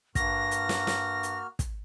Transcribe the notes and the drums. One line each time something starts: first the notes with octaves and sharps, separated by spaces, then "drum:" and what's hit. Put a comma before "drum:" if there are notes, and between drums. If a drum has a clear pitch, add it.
G2 A#3 F#4 F6 A#6, drum: kick, hi-hat
drum: hi-hat
drum: snare
drum: snare
drum: hi-hat
drum: kick, hi-hat